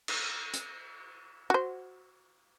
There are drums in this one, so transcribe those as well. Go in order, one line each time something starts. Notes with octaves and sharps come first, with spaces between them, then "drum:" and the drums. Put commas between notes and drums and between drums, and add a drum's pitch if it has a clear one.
drum: cymbal
drum: hi-hat
F#4 C5